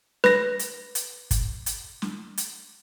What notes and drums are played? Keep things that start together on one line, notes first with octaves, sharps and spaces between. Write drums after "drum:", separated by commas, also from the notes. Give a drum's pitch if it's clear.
B4 A#6, drum: snare
drum: hi-hat
drum: hi-hat
drum: kick, hi-hat
drum: hi-hat
drum: snare
drum: hi-hat